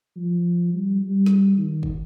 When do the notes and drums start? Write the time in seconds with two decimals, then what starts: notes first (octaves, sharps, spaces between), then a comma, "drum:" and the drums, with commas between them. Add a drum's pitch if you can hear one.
0.17 F3
0.74 G3
1.02 G3
1.26 drum: snare
1.57 D#3
1.83 drum: kick